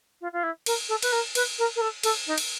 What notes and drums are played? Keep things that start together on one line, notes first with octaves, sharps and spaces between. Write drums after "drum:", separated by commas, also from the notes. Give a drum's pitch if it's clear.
F4
F4
E4
A#4, drum: cymbal
A4
B4, drum: cymbal
A#4
B4, drum: cymbal
A#4
A#4
A4
A4, drum: cymbal
D#4
drum: cymbal